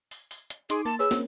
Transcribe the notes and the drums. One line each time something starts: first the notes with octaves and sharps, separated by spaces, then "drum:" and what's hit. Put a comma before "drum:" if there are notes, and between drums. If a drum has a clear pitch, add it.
drum: open hi-hat
drum: open hi-hat
drum: hi-hat
D#4 G#4 C6 D6, drum: hi-hat
A#3 A5 A6
G#4 B4 C#5 E6
A#3 C4 C#4, drum: snare